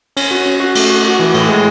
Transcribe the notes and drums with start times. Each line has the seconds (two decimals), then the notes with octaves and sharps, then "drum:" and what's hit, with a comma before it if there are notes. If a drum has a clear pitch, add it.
0.17 C#4, drum: cymbal
0.31 F#4
0.46 C#4
0.60 F#4
0.75 A3, drum: cymbal
0.90 F#4
1.05 F#4
1.19 E3
1.34 A2, drum: cymbal
1.49 G#3